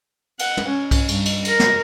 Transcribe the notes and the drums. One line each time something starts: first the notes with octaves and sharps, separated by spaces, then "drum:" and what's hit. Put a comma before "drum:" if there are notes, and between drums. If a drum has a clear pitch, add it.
F#5, drum: cymbal
drum: tom
C#4
drum: kick B1, cymbal
G2, drum: cymbal
drum: cymbal
A#4, drum: cymbal
drum: snare